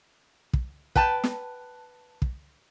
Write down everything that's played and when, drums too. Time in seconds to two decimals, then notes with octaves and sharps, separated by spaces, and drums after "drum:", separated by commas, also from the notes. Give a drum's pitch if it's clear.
0.53 drum: kick
0.96 B4 G5 A5, drum: kick
1.24 drum: snare
2.22 drum: kick